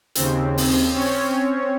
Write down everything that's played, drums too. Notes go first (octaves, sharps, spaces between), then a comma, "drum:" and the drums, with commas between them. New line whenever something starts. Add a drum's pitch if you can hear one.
D#2 C#3 C4, drum: hi-hat
drum: open hi-hat
C4 C#4 C#5